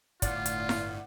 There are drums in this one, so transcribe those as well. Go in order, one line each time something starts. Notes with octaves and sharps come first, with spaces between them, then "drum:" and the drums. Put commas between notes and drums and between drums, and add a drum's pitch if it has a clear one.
G1 A2 F4 D5 F#5, drum: kick, hi-hat
drum: hi-hat
drum: snare E4